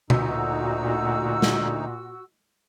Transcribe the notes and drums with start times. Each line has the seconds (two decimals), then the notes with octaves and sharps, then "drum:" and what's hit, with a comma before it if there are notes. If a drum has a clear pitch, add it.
0.10 D2 A#2 D#4 F#4 E6, drum: tom B2
1.42 drum: snare